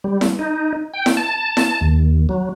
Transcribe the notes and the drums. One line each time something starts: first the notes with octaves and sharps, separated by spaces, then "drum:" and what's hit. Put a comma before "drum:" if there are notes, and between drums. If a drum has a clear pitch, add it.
G3
drum: snare E4
D#4
G5
drum: snare E4
A5
drum: snare E4
D#2
F#3